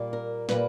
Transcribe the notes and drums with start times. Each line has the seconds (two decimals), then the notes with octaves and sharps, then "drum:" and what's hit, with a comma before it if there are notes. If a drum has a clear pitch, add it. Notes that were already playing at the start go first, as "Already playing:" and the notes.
Already playing: A#2 G3 A#3
0.13 A#4
0.49 A#2 G3 A#3 B4, drum: snare